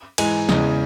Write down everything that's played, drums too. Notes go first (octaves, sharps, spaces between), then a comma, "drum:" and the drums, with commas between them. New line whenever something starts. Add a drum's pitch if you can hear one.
G#2 E3 G#3 G#5, drum: cymbal
E2 C#3 E3 G#3, drum: snare